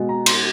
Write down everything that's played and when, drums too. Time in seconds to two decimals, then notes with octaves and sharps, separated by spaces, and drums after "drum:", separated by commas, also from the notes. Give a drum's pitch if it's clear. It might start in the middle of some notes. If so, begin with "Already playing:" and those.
Already playing: B2 G#3
0.09 A#5
0.26 C6, drum: cymbal